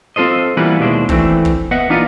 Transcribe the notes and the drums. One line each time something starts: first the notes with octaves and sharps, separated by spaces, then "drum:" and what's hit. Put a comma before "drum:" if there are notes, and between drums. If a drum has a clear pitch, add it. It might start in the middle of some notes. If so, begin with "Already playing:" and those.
C4 F4 A4 C5 D#5
E3 G3 A#3 B3 D4 B4
D#2 B2 G#3 D4 E4 C5
E3 A3 C4 D4, drum: kick
drum: kick
B3 D#5 E5 F#5
E3 A#3 D4 D#4 F4 B4